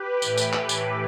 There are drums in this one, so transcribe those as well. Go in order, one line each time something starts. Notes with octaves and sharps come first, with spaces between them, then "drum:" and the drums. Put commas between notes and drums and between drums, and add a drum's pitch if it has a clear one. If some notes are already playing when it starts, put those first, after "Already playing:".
Already playing: G4 B4
A2 E3, drum: tambourine
drum: tambourine
drum: clap
drum: tambourine